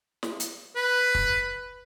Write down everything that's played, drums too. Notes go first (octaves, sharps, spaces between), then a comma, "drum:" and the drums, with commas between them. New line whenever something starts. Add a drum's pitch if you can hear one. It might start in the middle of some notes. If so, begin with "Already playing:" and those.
drum: snare
drum: hi-hat
B4
drum: kick